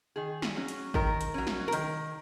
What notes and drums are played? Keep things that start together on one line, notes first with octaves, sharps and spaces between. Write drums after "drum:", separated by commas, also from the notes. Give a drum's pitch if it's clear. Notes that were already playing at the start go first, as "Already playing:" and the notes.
D#3 G#4
drum: snare
F#3 C#4
drum: hi-hat
D#3 A#4, drum: kick G#1
drum: hi-hat
F#3 C#4
drum: snare
A#4
D#3, drum: hi-hat